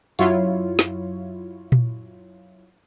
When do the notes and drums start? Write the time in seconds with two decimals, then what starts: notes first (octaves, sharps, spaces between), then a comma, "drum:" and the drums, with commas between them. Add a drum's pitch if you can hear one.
0.19 F#2 F#3 E4 F4 C#5, drum: hi-hat
0.79 drum: snare
1.72 drum: tom A#2